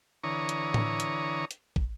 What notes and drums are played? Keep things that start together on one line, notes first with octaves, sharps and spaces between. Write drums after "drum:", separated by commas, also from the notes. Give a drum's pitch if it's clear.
D3 E3 C#5 A#5 C#6 D#6
drum: hi-hat
drum: tom A2
drum: hi-hat
drum: hi-hat
drum: kick